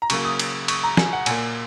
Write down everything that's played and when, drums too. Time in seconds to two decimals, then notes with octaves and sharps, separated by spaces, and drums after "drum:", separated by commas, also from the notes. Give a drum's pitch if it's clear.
0.02 A#5
0.10 C#3 F#3 A#3 C#6, drum: cymbal
0.25 D#6
0.39 drum: cymbal
0.68 C#6, drum: cymbal
0.84 A#5
0.97 G#5, drum: snare
1.13 F#5
1.26 A#2 A#3 G#5, drum: cymbal